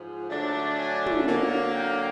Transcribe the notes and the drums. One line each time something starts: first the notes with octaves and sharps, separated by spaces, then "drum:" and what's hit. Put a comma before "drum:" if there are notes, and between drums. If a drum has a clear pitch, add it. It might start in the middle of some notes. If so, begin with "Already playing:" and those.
Already playing: G#2 F3 G#3
D3 F#3 A3 D4
G#5
drum: tom
D3 F#3 A#3
G5